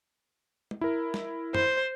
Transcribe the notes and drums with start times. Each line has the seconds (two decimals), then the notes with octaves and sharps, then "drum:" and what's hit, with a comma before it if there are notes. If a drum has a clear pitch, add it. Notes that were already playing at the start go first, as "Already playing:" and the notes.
0.71 drum: tom
0.81 E4 A#4
1.14 drum: snare
1.55 C5, drum: tom F#2